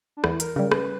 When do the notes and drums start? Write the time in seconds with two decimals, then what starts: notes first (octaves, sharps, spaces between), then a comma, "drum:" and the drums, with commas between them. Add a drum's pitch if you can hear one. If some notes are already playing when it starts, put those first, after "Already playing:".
0.17 D4
0.24 E2 E4, drum: rim click
0.40 A#4, drum: hi-hat
0.56 C#3 G3 A#4
0.71 B4, drum: rim click